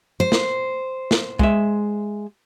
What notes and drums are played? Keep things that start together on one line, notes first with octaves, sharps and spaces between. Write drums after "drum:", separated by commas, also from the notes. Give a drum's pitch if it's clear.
C5
drum: snare
drum: snare
G#3 E5, drum: kick